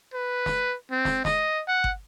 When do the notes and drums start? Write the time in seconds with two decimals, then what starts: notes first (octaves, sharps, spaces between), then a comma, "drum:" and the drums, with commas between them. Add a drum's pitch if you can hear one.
0.14 B4
0.46 drum: snare
0.91 C4
1.05 drum: snare
1.25 D#5, drum: snare
1.68 F#5
1.84 drum: kick G1